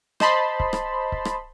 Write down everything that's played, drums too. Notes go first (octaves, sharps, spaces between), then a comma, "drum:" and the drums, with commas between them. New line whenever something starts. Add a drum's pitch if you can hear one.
C5 D#5 A5 B5 C6, drum: rim click
drum: kick C#1
drum: rim click
drum: kick C#1
drum: rim click